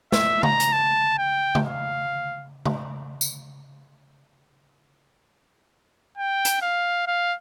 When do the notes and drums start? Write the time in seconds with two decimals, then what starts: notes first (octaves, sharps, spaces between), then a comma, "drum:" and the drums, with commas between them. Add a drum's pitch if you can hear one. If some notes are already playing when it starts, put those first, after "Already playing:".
0.12 E5, drum: snare
0.43 A#5, drum: tom C#3
0.60 drum: hi-hat
0.73 A5
1.18 G5
1.55 drum: tom C#3
1.64 F5
2.66 drum: tom C#3
3.21 drum: tambourine
6.17 G5
6.45 drum: hi-hat
6.62 F5
7.07 F5